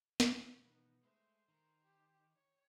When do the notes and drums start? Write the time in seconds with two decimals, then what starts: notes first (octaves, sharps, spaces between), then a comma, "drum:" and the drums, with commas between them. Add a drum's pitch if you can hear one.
0.20 B2 D#3 E3 F4, drum: snare
0.60 B3 D#4
1.03 G#3 A3 C5
1.48 D#3 A#4
1.84 G4
2.36 C#5